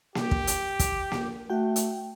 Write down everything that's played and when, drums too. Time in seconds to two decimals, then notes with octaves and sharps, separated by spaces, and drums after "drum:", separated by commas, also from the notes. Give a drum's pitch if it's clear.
0.15 G4, drum: snare A#3
0.31 drum: kick
0.47 drum: hi-hat
0.79 drum: kick, hi-hat
1.12 drum: snare A#3
1.50 A3 F#4 G5
1.76 drum: hi-hat